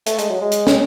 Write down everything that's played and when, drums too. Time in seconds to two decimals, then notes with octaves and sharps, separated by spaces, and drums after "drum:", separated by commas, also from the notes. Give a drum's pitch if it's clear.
0.06 A3, drum: hi-hat
0.18 G#3, drum: hi-hat
0.30 F#3
0.41 G#3
0.52 drum: hi-hat
0.67 drum: snare